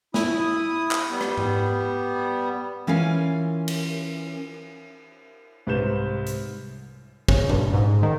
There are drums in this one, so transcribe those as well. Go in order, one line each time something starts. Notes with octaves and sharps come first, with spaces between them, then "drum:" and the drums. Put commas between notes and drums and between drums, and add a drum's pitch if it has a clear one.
E4 D#6, drum: snare
drum: clap
G3 B3
drum: rim click
drum: tom G#2
E3 C#4 F4 A#4 F5 G#5
drum: cymbal
C2 G#2 B4 C5 G6 E7
drum: hi-hat
C#3, drum: kick
G2, drum: tom A#2
G#2
D#3